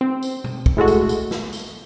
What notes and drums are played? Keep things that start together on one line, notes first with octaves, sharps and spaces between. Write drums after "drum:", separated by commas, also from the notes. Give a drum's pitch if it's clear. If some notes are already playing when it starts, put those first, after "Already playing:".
C4
drum: tambourine
drum: tom B2
drum: kick
A2 G#3 A3 F#4
drum: tambourine
drum: tambourine
drum: snare
drum: tambourine